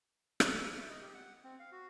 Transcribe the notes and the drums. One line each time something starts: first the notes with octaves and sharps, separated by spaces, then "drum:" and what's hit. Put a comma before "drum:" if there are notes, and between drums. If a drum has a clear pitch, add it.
drum: rim click
E5
D#5
G4
F#5
C4
F5
F#4